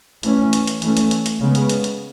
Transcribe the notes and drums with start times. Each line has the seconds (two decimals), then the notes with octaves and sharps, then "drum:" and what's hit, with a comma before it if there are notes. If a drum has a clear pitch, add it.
0.23 E3 A3 C#4, drum: hi-hat
0.53 drum: hi-hat
0.67 drum: hi-hat
0.82 E3 A3 C#4, drum: hi-hat
0.97 drum: hi-hat
1.11 drum: hi-hat
1.26 drum: hi-hat
1.40 C#3 G#3 B3
1.55 drum: hi-hat
1.69 drum: hi-hat
1.84 drum: hi-hat